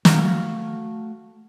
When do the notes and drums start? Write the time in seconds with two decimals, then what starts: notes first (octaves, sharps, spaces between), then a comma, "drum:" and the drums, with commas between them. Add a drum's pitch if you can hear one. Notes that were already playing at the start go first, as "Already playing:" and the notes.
0.05 A3 F#4 F5, drum: snare